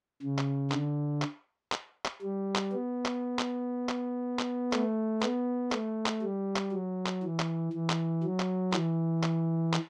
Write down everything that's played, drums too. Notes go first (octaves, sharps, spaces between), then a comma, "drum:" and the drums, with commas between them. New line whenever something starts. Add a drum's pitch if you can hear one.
C#3
drum: clap
D3, drum: clap
drum: clap
drum: clap
drum: clap
G3
drum: clap
B3
drum: clap
drum: clap
drum: clap
drum: clap
A3, drum: clap
B3, drum: clap
A3, drum: clap
drum: clap
G3
drum: clap
F#3
drum: clap
E3
drum: clap
E3
drum: clap
F#3
drum: clap
E3, drum: clap
drum: clap
drum: clap